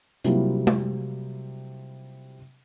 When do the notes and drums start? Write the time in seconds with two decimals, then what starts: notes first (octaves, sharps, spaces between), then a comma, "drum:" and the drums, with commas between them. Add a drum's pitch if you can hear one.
0.24 C3 F#3 G3 A#3 E4 F4, drum: hi-hat
0.67 drum: tom G#3